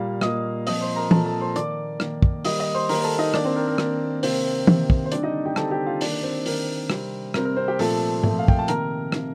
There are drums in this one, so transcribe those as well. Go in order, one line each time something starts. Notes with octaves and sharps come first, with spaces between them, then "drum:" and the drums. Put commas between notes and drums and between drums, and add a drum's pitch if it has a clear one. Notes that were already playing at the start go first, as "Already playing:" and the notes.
Already playing: A#2 G3 A#3 F5
A#2 G3 A#3 D#5 D#6, drum: rim click
A#2 F3 C4 D#5 D#6, drum: open hi-hat
C5 C6
A#4 A#5
A#2 F3 C4 A4 A5, drum: tom
A4 A5
C5 C6
D#3 A#3 D5 D6, drum: hi-hat
D#3 A#3, drum: rim click
drum: kick
D#3 G3 A#3 D#5 D#6, drum: open hi-hat
D#5 D#6
C5 C6
D#3 G3 A#3 A#4 A#5, drum: open hi-hat
A4 A5
D#4 D#5
D#3 A#3 D4 D5, drum: rim click
C4 C5
A#4
A#4
D#3 A#3, drum: rim click
C3 D#3 A#3 C4 C5, drum: open hi-hat
C3 D#3 A#3, drum: tom
drum: kick
C5
D3 G3 C4 D4 D5, drum: hi-hat
D#4 D#5
G4 G5
D3 G3 C4 A4 A5, drum: rim click
G4 G5
F4 F5
D#3 A#3 D4 D5, drum: open hi-hat
C4 C5
D#3 A#3 A#4, drum: open hi-hat
C3 G3 C4, drum: rim click
C3 G3 C4 A#4, drum: rim click
A#4
C4 C5
G4 G5
A#2 F3 A3 C4 A4 A5, drum: open hi-hat
A#2 F3 A3 C4, drum: tom G#2
F5
G5, drum: kick
A5
C3 D#3 A#3 A#4 A#5, drum: hi-hat
C3 D#3 A#3, drum: rim click